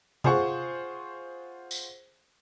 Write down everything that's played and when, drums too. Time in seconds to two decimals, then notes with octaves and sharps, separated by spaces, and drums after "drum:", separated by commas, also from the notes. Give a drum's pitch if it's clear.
0.24 F4 G#4 C5 F#5 C#6, drum: tom
1.71 drum: tambourine